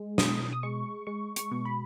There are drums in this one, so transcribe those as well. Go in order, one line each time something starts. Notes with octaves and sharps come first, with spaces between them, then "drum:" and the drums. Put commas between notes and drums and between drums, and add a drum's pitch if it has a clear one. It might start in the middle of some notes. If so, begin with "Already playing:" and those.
Already playing: G#3
B2 D#6, drum: snare
D#6
G#3 C#6
G#3 C#6
C#6, drum: hi-hat
B2
B5